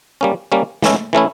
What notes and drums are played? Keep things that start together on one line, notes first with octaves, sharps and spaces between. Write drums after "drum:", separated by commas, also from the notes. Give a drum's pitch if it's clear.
G3 A#3 C#4
G3 A#3 C#4
E3 A3 C#4 E4, drum: snare
E3 A3 C#4 E4